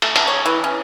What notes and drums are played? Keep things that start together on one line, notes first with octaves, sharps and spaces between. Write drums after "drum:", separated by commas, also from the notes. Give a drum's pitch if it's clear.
A3, drum: cymbal
D3, drum: cymbal
C#5
E3
C#4